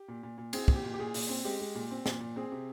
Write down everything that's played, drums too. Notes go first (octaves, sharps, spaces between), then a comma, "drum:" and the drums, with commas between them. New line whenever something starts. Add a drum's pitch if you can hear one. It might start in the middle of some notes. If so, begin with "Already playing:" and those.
Already playing: G4
A#2
A#2
A#2
C4 G#4, drum: cymbal
A#2, drum: kick
G4
A#2
G4
A#2 G#4
A#2, drum: open hi-hat
C4
G#3 G4
G#3
A#2
C4
A#2, drum: snare
A#2
C4 G#4
C3